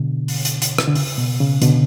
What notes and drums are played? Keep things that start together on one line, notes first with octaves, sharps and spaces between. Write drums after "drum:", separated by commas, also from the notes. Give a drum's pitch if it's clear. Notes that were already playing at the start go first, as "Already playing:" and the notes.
Already playing: B2 D3
drum: open hi-hat
drum: hi-hat
drum: hi-hat
drum: rim click
D3
C#3, drum: open hi-hat
B2
C#3
B2 D3, drum: hi-hat